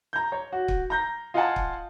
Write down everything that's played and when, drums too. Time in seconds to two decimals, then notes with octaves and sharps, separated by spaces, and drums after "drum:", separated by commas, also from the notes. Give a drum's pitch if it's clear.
0.13 A#5 G6
0.32 C#5
0.52 F#4
0.68 drum: kick
0.90 A#5 G6 A#6
1.34 F4 D#5 F5 F#5 G#5 A5
1.56 drum: kick